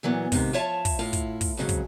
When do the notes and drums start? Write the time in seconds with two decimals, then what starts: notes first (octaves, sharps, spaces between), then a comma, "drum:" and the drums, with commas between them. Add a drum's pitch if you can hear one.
0.03 A#2 E3 F#3 B3
0.32 G#2 C3 D#3 G4, drum: kick, open hi-hat
0.53 F3 F4 C#5 E5 A5
0.85 drum: kick, open hi-hat
0.99 A2 E4 F4
1.13 drum: kick, hi-hat
1.41 drum: kick, open hi-hat
1.57 F2 G#2 C#3 E3 F#3
1.69 drum: kick, hi-hat